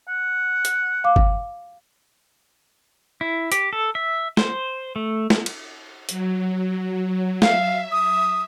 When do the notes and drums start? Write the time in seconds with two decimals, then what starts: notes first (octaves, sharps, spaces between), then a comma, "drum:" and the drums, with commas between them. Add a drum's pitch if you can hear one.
0.09 F#5
0.65 drum: hi-hat
1.04 F5 D6
1.16 drum: kick G1
3.21 E4
3.52 G4, drum: hi-hat
3.73 A4
3.95 E5
4.37 C5, drum: snare
4.96 A3
5.30 drum: snare
5.46 drum: cymbal
6.09 F#3, drum: hi-hat
7.42 E5 F5, drum: snare
7.92 D#6